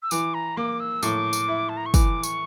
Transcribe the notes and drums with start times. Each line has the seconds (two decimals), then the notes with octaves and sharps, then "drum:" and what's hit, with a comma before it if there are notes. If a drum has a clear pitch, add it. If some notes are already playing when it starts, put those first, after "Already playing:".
0.02 E6
0.11 E3 D6, drum: tambourine
0.34 A#5
0.57 A#3 D6
0.80 E6
1.03 A2 D6, drum: tambourine
1.33 drum: tambourine
1.48 E4
1.69 A5
1.77 A#5
1.86 C#6
1.94 E3 D6, drum: kick, tambourine
2.23 C#6, drum: tambourine